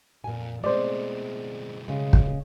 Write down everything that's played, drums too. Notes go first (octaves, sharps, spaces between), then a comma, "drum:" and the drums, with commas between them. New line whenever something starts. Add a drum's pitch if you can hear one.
B1 F2 A#2 G#5
B2 G#3 A3 C4 C5 D5
C#3 G#3
drum: kick